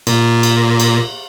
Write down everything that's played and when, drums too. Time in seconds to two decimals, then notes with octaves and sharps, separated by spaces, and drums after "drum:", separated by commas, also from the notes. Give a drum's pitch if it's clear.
0.07 A#2, drum: cymbal
0.43 drum: cymbal
0.80 drum: cymbal